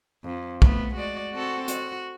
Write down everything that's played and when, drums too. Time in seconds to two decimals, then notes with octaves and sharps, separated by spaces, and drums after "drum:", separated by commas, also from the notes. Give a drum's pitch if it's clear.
0.24 F2
0.62 A3 B3, drum: kick B1
0.95 G#3 F#4 D5
1.32 C4 F#4 A4
1.68 F#4, drum: hi-hat